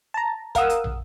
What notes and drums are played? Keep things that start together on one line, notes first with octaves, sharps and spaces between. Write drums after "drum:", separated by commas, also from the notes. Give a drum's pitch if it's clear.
A5 A#5
A#4 F5 F#5 D#6 E6, drum: kick, hi-hat
drum: hi-hat
drum: tom